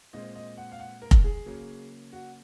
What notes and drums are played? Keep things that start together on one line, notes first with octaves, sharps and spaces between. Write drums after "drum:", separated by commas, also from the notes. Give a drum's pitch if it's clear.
A#2 G#3 C4 D#5
D#5
F#5
F5
F#5
A#4
drum: kick F1
G#4
C#3 F#3 A#3 C#4
F#4